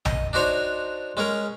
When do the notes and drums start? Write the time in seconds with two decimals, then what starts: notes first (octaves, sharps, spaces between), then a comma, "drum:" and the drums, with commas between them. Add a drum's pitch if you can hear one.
0.05 D#5, drum: tom A#1
0.33 D4 D#4 F#4 C5 C#5
1.17 G#3 C#4 G#4 A#4